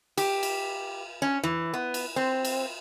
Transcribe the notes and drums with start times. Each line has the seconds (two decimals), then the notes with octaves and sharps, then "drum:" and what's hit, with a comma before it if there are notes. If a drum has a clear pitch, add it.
0.17 G4, drum: cymbal
0.43 drum: cymbal
1.22 C#4
1.43 E3, drum: rim click
1.74 B3
1.94 drum: cymbal
2.16 C4
2.45 drum: cymbal